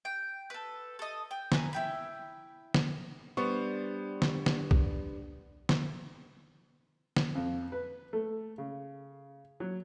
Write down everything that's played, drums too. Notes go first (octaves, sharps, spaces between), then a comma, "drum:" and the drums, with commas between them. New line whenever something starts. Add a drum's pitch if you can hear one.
G5
A4 B4
A4 D#5
G5
B4 G#5 A#5, drum: snare
E4 G5 B5
drum: snare
G3 B3 D4 C5 C#6
drum: snare
drum: snare
drum: kick
drum: snare
drum: snare
F2
B4
A3
C#3
F#3